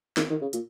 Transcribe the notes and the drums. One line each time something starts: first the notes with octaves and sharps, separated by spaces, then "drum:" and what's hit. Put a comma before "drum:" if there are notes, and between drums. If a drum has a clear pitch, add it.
D#3, drum: snare
D#3
C#3
A#2, drum: hi-hat